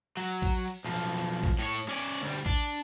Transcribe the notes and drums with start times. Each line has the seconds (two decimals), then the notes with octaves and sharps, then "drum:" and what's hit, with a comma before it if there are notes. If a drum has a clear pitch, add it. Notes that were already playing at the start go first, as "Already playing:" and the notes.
0.17 F#3, drum: cymbal
0.42 drum: kick A1, cymbal
0.68 drum: cymbal
0.84 B1 F3
1.18 drum: cymbal
1.43 drum: kick A1, cymbal
1.59 A2 C#5
1.69 drum: cymbal
1.89 C#4 D5
2.22 D2 G3, drum: cymbal
2.46 D4, drum: kick A1, cymbal